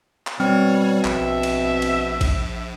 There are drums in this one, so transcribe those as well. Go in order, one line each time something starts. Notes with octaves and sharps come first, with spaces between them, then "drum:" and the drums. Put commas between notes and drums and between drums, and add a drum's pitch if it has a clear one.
drum: clap
B2 G3 C4 C#5
A#1 E5, drum: clap
drum: cymbal
drum: cymbal
drum: kick A#1, cymbal